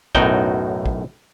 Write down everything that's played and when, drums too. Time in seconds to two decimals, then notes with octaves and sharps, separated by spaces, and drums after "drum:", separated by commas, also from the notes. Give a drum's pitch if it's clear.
0.15 B1 F#2 A2 D#4 F#4 G5, drum: kick
0.86 drum: kick